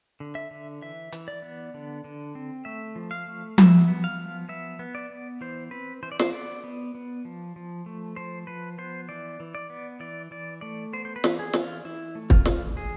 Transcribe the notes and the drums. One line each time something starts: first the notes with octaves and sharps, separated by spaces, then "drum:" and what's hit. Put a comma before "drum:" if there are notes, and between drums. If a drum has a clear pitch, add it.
D3
E5
D3
E3 E5
E3, drum: hi-hat
D5
B3
D3
D3
C4
A3 E5
F3
F5
A3
B3 E5, drum: tom F3
B3
F5
F3
B3 E5
B3
D5
B3
E3 C5
C4 B4
E3 C5
D5
C5, drum: snare
B3 D5
B3
B3
F3
F3
A3
F3 C5
F3 B4
B3 C5
E3 D5
E3
D5
B3
E3 D5
E3 D5
A3 D5
B3 C5
C5
B4
E3, drum: snare
G#4
E3, drum: snare
F4
E3 E4
A3
F4, drum: kick
E3, drum: snare
G#3 G#4